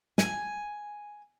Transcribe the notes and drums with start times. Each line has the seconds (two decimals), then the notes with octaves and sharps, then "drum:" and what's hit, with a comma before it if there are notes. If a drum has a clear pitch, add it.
0.18 G#5, drum: snare